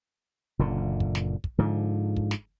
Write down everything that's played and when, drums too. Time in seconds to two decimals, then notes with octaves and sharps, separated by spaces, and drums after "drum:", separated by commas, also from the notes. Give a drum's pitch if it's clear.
0.59 F#1 A#2 D3
1.00 drum: kick
1.15 drum: snare
1.44 drum: kick
1.58 G#2 D3 F3
2.16 drum: kick
2.31 drum: snare